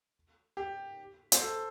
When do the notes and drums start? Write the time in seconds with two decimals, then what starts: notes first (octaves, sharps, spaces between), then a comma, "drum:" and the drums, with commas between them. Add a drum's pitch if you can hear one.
0.57 G4
1.32 C5, drum: hi-hat
1.41 A4